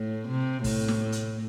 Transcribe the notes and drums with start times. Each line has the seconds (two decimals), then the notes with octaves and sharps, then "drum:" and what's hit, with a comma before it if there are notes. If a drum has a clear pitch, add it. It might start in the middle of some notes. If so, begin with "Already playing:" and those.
Already playing: A2
0.28 C3
0.64 A2, drum: kick, open hi-hat
0.88 drum: snare
1.12 drum: hi-hat